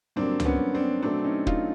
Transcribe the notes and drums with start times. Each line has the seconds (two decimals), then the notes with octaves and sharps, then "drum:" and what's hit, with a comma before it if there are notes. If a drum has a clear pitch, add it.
0.16 G2 D3 F#3 A#3 C4 D4
0.40 C4, drum: tom C#2
0.45 B3 C#4
0.74 C4 D4
1.03 B2 F#3 A3 C4 D4
1.24 C#4 D#4
1.47 D#4 F4, drum: kick